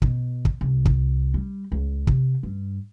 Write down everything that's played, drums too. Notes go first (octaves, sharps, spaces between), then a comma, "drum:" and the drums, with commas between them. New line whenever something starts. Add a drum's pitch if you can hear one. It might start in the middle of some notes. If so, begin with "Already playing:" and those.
B2, drum: kick
drum: kick
C2
drum: kick
G3
C#2
C3, drum: kick
G2